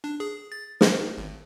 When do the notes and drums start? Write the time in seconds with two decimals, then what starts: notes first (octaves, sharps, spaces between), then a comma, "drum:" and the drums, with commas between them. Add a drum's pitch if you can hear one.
0.04 D4
0.20 G#4
0.52 A6
0.81 A#4, drum: snare
1.18 G#1